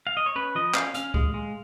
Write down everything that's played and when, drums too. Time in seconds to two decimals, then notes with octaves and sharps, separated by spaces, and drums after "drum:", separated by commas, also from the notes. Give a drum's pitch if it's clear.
0.07 F5
0.17 D#5
0.26 C#5
0.36 C#4 B4
0.55 F3 D#5
0.75 C#4 F5, drum: clap
0.94 C#4 F5, drum: hi-hat
1.14 G#3, drum: kick C#2
1.34 G#3